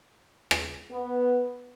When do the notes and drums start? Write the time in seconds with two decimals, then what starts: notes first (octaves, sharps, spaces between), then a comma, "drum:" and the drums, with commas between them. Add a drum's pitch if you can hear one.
0.51 drum: rim click
0.90 B3